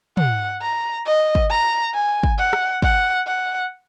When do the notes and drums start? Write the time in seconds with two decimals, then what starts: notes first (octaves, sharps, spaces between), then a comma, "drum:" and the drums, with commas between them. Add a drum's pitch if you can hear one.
0.17 F#5, drum: tom
0.61 A#5
1.06 D#5
1.35 drum: kick
1.50 A#5
1.94 G#5
2.23 drum: kick
2.38 F#5
2.53 drum: rim click
2.82 F#5, drum: kick
3.27 F#5